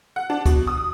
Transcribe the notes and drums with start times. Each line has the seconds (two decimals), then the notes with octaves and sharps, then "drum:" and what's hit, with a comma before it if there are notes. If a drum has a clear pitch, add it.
0.16 F#5
0.30 D4
0.46 B2, drum: kick, hi-hat
0.67 D#6